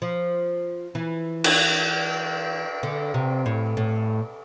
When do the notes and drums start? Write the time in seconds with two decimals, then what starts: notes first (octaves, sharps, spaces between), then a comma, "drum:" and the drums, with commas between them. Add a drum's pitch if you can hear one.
0.02 F3
0.95 E3
1.44 drum: cymbal
2.83 D3
3.14 C3
3.46 A2
3.77 A2